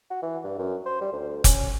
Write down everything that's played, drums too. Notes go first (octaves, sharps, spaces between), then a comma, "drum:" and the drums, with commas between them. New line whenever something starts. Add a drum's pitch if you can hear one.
F#4
E3
G2
F#2
C5
G3
D2
C#4, drum: kick F1, hi-hat